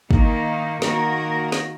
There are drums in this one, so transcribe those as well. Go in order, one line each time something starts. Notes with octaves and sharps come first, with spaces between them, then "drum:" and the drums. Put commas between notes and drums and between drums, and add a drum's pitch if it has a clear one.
D#3 A#3 D#4, drum: kick
D#3 A#3 F#4 A#4, drum: snare
drum: snare